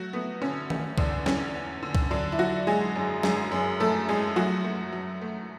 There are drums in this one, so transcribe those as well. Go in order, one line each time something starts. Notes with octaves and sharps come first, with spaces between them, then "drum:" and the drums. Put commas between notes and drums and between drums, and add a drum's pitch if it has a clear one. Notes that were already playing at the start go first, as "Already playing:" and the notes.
Already playing: F#3 A3 F#4
A3 B3
D3 C#4
A3, drum: tom D#3
E2 D3 D4, drum: kick C2
E2 C#4, drum: snare
E2
D3
drum: kick C2
D3 F#3 D4
E4
F#3 F#4
F#3 G#3 G#4
F#2
F#2 G#3 G#4, drum: snare
F#2
F#2 A3 A4
F#2 G#3 G#4
F#3 A3 F#4
A3
F#3
A3